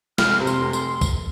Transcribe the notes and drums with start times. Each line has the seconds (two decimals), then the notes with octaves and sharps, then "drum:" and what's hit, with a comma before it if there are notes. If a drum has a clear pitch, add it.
0.18 F1 F6, drum: snare
0.40 C3
0.47 C6, drum: tambourine
0.61 F1
0.73 C6, drum: tambourine
1.01 drum: kick C2, tambourine